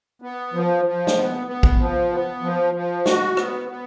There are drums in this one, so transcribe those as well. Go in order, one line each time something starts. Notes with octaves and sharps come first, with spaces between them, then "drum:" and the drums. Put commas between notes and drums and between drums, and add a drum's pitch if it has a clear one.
B3
F3
F3
drum: snare
B3
B3
drum: kick A#1
F3
B3
F3
F3
F#4, drum: snare
B3, drum: rim click
B3